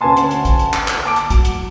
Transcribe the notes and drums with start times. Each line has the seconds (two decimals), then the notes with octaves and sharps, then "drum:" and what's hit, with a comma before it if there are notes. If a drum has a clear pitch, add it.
0.01 D2 C#4 B4 G#5 A5 C6
0.17 drum: hi-hat
0.31 drum: hi-hat
0.45 drum: kick, hi-hat
0.59 drum: hi-hat
0.74 drum: clap
0.88 drum: clap
1.05 A5 D6 D7
1.16 drum: hi-hat
1.30 F#3, drum: kick, hi-hat
1.45 drum: hi-hat